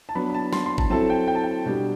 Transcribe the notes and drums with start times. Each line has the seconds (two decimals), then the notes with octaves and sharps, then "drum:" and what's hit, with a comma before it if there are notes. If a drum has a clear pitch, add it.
0.09 A5
0.15 F#3 B3 D4 B5
0.30 B5
0.34 A5
0.53 C6, drum: snare
0.66 C6
0.78 A5, drum: kick
0.90 F#3 C4 E4 A4 A5
1.10 G5
1.28 G5
1.35 A5
1.43 G5
1.66 B2 G3 D4 G4